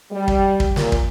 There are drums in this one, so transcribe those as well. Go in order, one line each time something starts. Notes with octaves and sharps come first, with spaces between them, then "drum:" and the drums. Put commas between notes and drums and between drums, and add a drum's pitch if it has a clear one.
G3
drum: kick
drum: kick
A#2, drum: snare
drum: kick